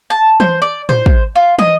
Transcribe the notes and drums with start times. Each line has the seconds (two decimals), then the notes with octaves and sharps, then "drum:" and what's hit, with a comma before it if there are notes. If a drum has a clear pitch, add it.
0.10 A5
0.40 C5, drum: tom E3
0.62 D5
0.89 C5, drum: tom A2
1.06 drum: kick
1.36 F4
1.59 D#5, drum: tom